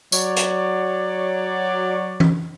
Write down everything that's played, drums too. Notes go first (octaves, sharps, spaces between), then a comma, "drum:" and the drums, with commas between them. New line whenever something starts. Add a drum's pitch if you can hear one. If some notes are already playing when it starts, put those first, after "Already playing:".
F#3 C#5 D5, drum: tambourine
drum: hi-hat
drum: tom E3